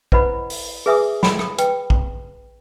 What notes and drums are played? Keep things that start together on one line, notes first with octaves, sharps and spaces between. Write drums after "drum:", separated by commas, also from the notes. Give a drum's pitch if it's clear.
E4 B4 C5 D#5 F#5 B5, drum: kick
drum: open hi-hat
G#4 B4 E5 G#5 D6 D#6
B5, drum: snare
drum: rim click
B4 G5, drum: hi-hat
drum: kick